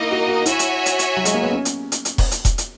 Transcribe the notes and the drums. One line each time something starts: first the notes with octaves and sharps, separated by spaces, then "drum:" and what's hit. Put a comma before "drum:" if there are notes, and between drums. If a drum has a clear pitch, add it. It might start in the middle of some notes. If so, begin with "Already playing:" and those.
Already playing: A#3 D#4 E4 A#4 D#5
F#4
F#4
E4 F#4 C#5 E5 G#5, drum: hi-hat
drum: hi-hat
drum: hi-hat
drum: hi-hat
F#3
G#3, drum: hi-hat
A#3
B3
C#4
drum: hi-hat
drum: hi-hat
drum: hi-hat
drum: kick E1, open hi-hat
drum: hi-hat
drum: kick E1, hi-hat
drum: hi-hat